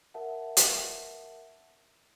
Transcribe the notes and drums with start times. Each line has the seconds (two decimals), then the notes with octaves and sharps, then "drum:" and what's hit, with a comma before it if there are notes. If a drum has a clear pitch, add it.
0.14 A#4 E5 F#5 A5
0.57 drum: hi-hat